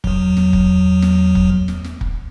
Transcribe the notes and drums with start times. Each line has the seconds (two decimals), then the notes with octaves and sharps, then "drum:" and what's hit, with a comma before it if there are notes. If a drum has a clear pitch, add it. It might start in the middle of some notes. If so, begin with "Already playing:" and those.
0.04 E2 F#3, drum: kick
0.37 drum: snare
0.53 drum: kick
1.02 drum: snare
1.35 drum: kick
1.68 drum: snare
1.84 drum: snare
2.01 drum: kick